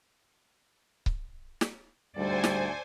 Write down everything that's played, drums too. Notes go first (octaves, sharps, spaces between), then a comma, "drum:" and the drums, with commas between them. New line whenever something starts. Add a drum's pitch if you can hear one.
drum: kick C#1
drum: snare
D2 G#2 G3 A4 C5 D5 G#5
drum: snare